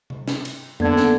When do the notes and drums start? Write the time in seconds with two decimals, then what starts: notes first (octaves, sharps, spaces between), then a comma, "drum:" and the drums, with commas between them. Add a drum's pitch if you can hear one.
0.10 drum: tom C3
0.28 drum: snare
0.45 drum: cymbal
0.80 D3 A#3 B3 G#6, drum: tom F2
0.97 drum: snare